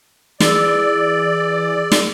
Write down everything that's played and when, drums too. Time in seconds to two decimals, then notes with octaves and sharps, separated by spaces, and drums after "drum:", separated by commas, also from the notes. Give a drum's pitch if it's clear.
0.40 E3 G#4 D5 E6, drum: snare
1.92 drum: snare